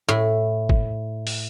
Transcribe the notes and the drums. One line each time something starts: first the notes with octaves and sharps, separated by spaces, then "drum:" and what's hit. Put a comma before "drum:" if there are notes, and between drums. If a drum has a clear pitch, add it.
A2
drum: kick
drum: open hi-hat